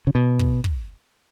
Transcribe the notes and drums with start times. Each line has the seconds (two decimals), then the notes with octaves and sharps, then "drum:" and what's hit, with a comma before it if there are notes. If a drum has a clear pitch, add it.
0.07 C#3
0.15 B2
0.39 drum: kick
0.64 drum: kick